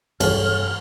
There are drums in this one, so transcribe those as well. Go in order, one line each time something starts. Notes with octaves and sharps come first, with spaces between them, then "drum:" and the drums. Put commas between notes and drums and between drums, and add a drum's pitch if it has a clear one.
B1 E2 G2 A4 C#5 F6, drum: cymbal